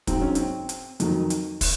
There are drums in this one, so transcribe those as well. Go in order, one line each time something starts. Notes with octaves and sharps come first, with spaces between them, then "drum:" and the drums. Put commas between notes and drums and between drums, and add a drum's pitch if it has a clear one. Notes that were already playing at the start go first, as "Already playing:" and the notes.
G#2 F#3 C4, drum: kick, hi-hat
C#4
C4, drum: hi-hat
drum: hi-hat
F2 D#3 F#3, drum: hi-hat
drum: hi-hat
drum: kick, open hi-hat